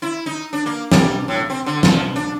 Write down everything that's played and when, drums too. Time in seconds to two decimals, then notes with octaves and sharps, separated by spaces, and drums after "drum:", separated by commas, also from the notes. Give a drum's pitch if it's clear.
0.02 E4
0.26 D#4
0.53 D4
0.66 A#3
0.92 G3, drum: snare
1.28 A2
1.50 C4
1.66 D3
1.83 F3, drum: snare
2.16 D4